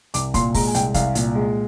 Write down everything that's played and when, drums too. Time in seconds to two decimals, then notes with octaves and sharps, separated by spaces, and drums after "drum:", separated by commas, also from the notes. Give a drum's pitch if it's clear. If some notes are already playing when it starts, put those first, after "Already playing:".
0.14 C2 D6, drum: hi-hat
0.34 A#2 C6, drum: kick, hi-hat
0.54 G#3 A#5, drum: kick, open hi-hat
0.67 G#5
0.75 C2 G5, drum: hi-hat
0.94 C2 F5, drum: kick, hi-hat
1.15 A#2, drum: hi-hat
1.35 G#3